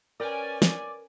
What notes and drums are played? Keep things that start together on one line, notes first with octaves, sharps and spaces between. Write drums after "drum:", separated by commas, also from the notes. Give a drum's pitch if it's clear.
C#4 A#4 B4 D5 G5 G#5
drum: snare